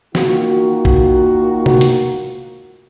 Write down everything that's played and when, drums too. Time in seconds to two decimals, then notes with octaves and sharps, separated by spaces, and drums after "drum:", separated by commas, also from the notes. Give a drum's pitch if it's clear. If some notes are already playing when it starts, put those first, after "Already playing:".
0.15 D#3 A#3 F4 F#4, drum: snare
0.85 drum: kick
1.66 drum: tom C3
1.81 drum: hi-hat